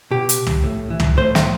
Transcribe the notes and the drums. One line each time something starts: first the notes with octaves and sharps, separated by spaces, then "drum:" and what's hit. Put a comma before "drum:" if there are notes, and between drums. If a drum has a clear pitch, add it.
B2 G4
drum: hi-hat
drum: tom
A2
E3
drum: tom
A2 C5
drum: snare